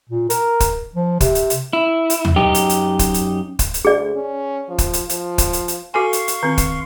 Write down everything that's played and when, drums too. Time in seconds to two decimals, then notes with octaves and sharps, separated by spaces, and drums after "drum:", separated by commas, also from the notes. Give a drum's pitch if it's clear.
0.10 A#2
0.30 A#4, drum: hi-hat
0.60 drum: kick, hi-hat
0.95 F3
1.21 C3, drum: kick, hi-hat
1.35 drum: hi-hat
1.50 drum: hi-hat
1.73 E4
2.10 drum: hi-hat
2.25 drum: tom D#2
2.36 F#2 D#4 G4
2.55 drum: hi-hat
2.69 drum: hi-hat
2.99 drum: kick, hi-hat
3.14 drum: hi-hat
3.59 drum: kick, hi-hat
3.74 drum: hi-hat
3.85 D2 G#4 D5
4.15 C#4
4.69 F3
4.78 drum: kick, hi-hat
4.93 drum: hi-hat
5.09 F3, drum: hi-hat
5.38 drum: kick, hi-hat
5.53 drum: hi-hat
5.68 drum: hi-hat
5.94 F#4 A4 F5 G#5 C6 C#6
6.13 drum: hi-hat
6.28 drum: hi-hat
6.43 D#3 C4
6.58 drum: kick, hi-hat